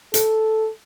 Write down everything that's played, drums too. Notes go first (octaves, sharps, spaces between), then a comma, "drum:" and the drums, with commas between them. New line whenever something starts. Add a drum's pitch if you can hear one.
A4, drum: hi-hat